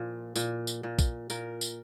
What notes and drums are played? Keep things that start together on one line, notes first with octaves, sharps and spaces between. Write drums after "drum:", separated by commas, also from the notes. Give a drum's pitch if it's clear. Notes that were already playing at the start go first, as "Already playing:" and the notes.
Already playing: A#2 F3
A#2, drum: tambourine
drum: tambourine
A#2
drum: kick, tambourine
A#2 A#4, drum: tambourine
drum: tambourine